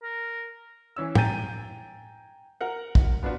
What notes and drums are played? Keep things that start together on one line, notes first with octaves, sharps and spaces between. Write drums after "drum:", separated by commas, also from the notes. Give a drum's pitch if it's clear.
A#4
E3 C#4 E6
G5 G#5 A#5 G6 A6 D#7, drum: tom
A#4 F#5
drum: kick
B3 D4 F4 F#4 B4